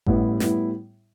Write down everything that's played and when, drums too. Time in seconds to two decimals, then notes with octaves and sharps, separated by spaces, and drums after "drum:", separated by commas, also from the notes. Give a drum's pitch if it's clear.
0.06 A1 A2 G3 B3 E4, drum: kick G#1
0.40 A2 G3 B3 E4, drum: snare